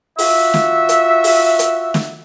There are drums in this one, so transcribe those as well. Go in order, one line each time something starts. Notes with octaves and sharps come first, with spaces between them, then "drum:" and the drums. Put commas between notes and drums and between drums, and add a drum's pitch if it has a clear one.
F4 F#4 E5, drum: open hi-hat
drum: snare
drum: hi-hat
drum: open hi-hat
drum: hi-hat
drum: snare